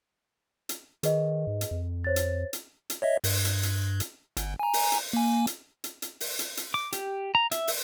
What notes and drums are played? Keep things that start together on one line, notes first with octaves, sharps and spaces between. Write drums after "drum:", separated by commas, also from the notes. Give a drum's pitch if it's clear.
drum: hi-hat
D#3 G#4 B4 D#5, drum: hi-hat
G#2
drum: hi-hat
F2
C5 C#5 A6
drum: hi-hat
drum: hi-hat
drum: hi-hat
C#5 D#5 E5
G2, drum: open hi-hat
drum: hi-hat
drum: hi-hat
drum: hi-hat
G1, drum: hi-hat
G#5 A#5
drum: open hi-hat
drum: hi-hat
A#3 G#5
drum: hi-hat
drum: hi-hat
drum: hi-hat
drum: open hi-hat
drum: hi-hat
drum: hi-hat
D6
G4, drum: hi-hat
A#5
E5, drum: hi-hat
drum: open hi-hat